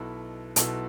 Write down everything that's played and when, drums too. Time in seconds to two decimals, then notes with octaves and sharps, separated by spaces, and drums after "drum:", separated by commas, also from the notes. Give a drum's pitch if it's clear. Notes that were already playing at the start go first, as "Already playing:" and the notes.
Already playing: B1 B2 B3 E4 A4
0.56 B1 B2 B3 E4 A4, drum: hi-hat